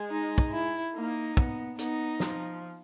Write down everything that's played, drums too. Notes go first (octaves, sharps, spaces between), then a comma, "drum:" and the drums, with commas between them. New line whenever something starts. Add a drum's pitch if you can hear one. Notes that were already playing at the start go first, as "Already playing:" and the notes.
Already playing: G#3
D#4
drum: kick
E4
A#3 D#4
B3, drum: kick
B3 D#4, drum: hi-hat
F3, drum: snare